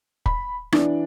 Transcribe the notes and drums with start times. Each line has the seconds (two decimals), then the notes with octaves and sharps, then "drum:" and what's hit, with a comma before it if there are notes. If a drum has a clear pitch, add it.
0.26 B5, drum: kick
0.72 E3 D4, drum: rim click